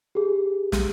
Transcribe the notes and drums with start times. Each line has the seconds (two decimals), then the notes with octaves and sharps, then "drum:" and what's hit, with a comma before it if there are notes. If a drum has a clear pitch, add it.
0.15 G4 G#4
0.72 drum: snare